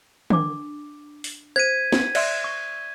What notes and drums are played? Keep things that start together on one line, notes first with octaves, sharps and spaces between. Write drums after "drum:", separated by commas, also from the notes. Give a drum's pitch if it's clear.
D4 D6, drum: tom
drum: open hi-hat
C5 G#6 B6 D#7
drum: snare
D5 E5 C6, drum: cymbal
C#6